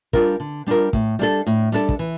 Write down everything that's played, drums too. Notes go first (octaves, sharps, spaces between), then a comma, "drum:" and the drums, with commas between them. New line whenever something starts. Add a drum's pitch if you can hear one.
G3 D4 F4 A#4, drum: kick
D3
G3 D4 F4 A#4
A2, drum: kick
G3 D4 A4
A2
G3 D4 A4
drum: kick
E3